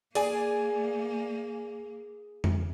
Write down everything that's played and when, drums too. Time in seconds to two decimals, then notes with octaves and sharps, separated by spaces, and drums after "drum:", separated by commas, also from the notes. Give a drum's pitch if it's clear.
0.15 A#3 G#4 D5 G#5, drum: hi-hat
2.44 drum: tom F2